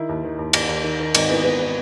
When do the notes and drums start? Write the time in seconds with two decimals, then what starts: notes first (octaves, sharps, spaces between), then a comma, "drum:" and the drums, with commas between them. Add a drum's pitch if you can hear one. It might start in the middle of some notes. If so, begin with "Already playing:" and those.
Already playing: D#3 E4
0.09 D#2
0.24 D#3
0.39 D#2
0.53 D#2, drum: cymbal
0.69 D#2
0.84 D#3
1.00 D#3
1.15 G#1 D#4, drum: cymbal
1.29 E3 B3
1.44 E3 B3
1.59 B3